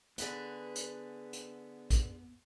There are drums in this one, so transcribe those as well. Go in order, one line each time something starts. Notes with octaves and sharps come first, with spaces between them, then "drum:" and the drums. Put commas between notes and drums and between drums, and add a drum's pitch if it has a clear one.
D3 B3 G#4 B4, drum: hi-hat
drum: hi-hat
drum: hi-hat
drum: kick, hi-hat